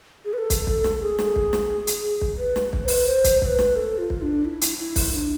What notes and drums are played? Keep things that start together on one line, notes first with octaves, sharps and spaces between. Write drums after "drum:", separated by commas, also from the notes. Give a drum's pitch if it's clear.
G#4
B4
A4
drum: kick, hi-hat
drum: kick
drum: snare
G#4
drum: snare
drum: kick
drum: snare
drum: hi-hat
drum: kick
B4
drum: snare
drum: kick
C5
B4, drum: open hi-hat
C5
drum: kick, hi-hat
C5, drum: kick
B4
drum: snare
A4
F4
drum: kick
D4
E4
drum: hi-hat
E4
drum: kick, open hi-hat
D4